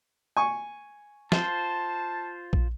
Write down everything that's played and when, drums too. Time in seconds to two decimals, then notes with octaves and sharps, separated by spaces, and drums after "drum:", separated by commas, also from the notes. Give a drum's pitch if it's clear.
0.37 G#5 C#6
1.32 F4 C5 A5, drum: snare
2.53 drum: kick A#1